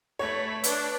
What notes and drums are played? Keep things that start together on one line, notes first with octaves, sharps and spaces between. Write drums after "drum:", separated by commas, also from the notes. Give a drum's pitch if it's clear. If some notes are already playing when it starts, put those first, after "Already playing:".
A3 C#5 B5
D4 B4, drum: hi-hat